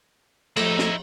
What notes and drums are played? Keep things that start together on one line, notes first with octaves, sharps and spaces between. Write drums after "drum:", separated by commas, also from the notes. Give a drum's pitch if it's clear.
F2 A2 D#4 E4, drum: cymbal
drum: snare